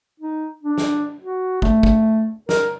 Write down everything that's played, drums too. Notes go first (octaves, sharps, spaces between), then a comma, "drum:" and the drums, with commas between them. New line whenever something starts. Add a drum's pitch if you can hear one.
D#4
D4
drum: snare
F#4
A3, drum: kick
drum: kick
A#4, drum: snare